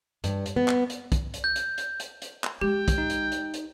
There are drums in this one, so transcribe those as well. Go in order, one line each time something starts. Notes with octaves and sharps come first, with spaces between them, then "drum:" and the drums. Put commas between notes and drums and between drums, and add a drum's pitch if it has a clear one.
G2, drum: hi-hat
drum: hi-hat
B3
drum: clap
drum: hi-hat
drum: kick B1, hi-hat
drum: hi-hat
G6
drum: hi-hat
drum: hi-hat
drum: hi-hat
drum: hi-hat
drum: clap
G#3 G4 G5
drum: kick B1, hi-hat
D#4
drum: hi-hat
drum: hi-hat
drum: hi-hat